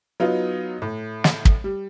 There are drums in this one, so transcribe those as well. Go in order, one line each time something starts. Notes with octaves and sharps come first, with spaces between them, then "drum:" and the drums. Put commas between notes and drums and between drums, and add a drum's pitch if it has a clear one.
F#3 B3 D#4 F4
A2
drum: snare
drum: kick
G3